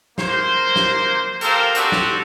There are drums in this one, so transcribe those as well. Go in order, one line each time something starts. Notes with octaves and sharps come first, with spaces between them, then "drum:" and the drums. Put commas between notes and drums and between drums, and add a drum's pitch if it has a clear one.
A#3 C5, drum: snare
drum: snare
G4 A4 A#4 C5 F5, drum: hi-hat
C4 D4 F#4 G4 A4, drum: hi-hat
drum: snare